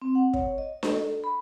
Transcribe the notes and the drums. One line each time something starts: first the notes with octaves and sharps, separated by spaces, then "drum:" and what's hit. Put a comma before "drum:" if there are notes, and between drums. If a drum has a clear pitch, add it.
C4
F#5
C#5, drum: kick
D#5
A4, drum: snare D4
B5